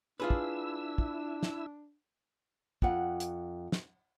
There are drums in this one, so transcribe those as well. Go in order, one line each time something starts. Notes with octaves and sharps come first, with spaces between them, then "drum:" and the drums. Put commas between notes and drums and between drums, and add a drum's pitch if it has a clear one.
D4 E4 F4 G#4 B4 E6
drum: kick
drum: kick
drum: snare
F2 F#5, drum: kick
drum: hi-hat
drum: snare